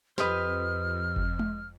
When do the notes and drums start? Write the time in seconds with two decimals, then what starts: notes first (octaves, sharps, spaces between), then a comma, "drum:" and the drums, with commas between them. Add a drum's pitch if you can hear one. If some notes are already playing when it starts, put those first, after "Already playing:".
0.18 F2 G4 B4 C5 D#5 F6, drum: snare
1.16 drum: kick F#1
1.39 drum: tom G#3